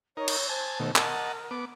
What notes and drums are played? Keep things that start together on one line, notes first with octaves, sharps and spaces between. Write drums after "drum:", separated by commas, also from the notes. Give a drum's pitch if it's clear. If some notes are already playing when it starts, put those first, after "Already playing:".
D#4 A#4 C#5
drum: cymbal
C5 G#5 A5
B2 D#3 A3
A#4 D#5 F#5 A5, drum: clap
B3 D6